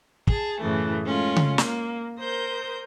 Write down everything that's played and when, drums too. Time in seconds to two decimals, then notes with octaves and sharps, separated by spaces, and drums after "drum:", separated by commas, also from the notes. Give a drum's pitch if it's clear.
0.27 G#4 A5, drum: kick
0.60 F#2 A2 C#3 E3 A3
1.04 G#3 A3 C#4 F4
1.36 drum: tom C#3
1.58 A#3, drum: snare
2.18 A#4 C5 D#6 G6